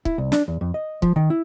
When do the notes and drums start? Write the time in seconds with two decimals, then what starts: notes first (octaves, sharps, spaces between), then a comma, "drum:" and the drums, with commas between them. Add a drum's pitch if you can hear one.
0.05 E4, drum: kick
0.18 C2
0.32 D4, drum: snare
0.48 E2
0.61 F2
0.74 D#5
1.02 F3, drum: kick
1.16 D#3
1.30 E4